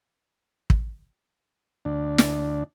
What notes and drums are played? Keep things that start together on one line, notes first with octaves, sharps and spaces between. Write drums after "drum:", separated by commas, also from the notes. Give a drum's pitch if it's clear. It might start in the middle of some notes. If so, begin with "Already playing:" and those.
drum: kick
D2 D4
drum: snare